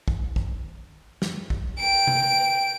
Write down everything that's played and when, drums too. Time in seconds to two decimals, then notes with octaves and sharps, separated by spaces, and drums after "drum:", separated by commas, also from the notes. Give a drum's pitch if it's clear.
0.08 drum: kick
0.36 drum: kick
1.22 drum: snare
1.50 drum: kick
1.79 G5 D7
2.07 drum: tom C3